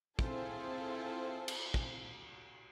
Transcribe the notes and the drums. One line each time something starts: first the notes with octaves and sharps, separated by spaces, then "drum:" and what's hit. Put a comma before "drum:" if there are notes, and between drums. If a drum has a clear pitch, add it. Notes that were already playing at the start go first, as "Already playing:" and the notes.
C4 E4 F4 G#4 A4 C5, drum: kick
drum: cymbal
drum: kick